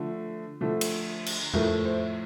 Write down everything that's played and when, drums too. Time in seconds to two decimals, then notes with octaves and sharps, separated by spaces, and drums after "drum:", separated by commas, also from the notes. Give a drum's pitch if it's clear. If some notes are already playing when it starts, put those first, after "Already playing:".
Already playing: D3 F3 A3
0.61 D3 F3 A3
0.81 drum: cymbal
1.26 drum: cymbal
1.54 A2 F3 A3 A#4, drum: tom F2
1.85 C5